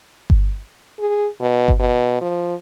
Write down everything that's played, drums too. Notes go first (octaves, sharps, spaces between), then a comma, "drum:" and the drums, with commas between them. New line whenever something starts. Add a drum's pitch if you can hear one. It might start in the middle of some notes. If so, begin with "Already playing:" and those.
drum: kick G1
G#4
B2
drum: kick G1
B2
F3